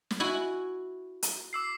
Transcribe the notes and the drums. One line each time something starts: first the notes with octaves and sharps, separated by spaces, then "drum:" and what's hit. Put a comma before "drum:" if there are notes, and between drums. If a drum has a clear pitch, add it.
drum: snare
E4 F#4 G#5
drum: hi-hat
D6 E6 C7